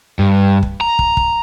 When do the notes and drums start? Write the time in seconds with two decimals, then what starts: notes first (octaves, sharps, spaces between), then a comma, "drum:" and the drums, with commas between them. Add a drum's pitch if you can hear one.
0.19 G2
0.63 drum: kick
0.81 A#5
0.99 drum: kick
1.17 drum: kick